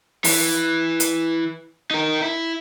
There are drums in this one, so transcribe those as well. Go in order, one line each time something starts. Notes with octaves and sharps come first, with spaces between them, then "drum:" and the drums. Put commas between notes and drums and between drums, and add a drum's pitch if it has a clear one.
E3, drum: open hi-hat
drum: hi-hat
D#4 A#4
E4